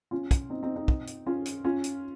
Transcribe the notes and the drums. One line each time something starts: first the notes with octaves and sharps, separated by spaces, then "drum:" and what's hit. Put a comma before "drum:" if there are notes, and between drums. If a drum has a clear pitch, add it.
C#4 F4
drum: kick, hi-hat
C4 D#4
C4 D#4
C4 D#4
drum: kick
drum: hi-hat
C#4 F4
drum: hi-hat
C#4 F4
drum: hi-hat